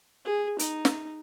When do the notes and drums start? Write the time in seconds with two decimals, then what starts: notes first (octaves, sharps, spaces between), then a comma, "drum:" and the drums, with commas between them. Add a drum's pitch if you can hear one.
0.25 G#4
0.59 D#4, drum: hi-hat
0.85 drum: snare